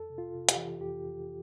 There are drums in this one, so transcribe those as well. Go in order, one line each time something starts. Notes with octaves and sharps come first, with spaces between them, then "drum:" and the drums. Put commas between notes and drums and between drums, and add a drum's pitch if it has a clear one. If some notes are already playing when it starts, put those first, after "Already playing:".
Already playing: F2 A4
C3
F4
C3
G4, drum: hi-hat
E3
F2 G4
F2